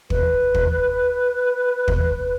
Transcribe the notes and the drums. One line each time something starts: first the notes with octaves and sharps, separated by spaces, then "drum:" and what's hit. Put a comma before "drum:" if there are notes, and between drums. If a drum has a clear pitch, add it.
B4, drum: kick
drum: kick
drum: kick